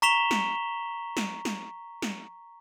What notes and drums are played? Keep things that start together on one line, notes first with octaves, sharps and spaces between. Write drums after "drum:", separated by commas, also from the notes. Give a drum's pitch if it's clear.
A#5 C#6 B6 E7 F7 G7
drum: snare
drum: snare
drum: snare
drum: snare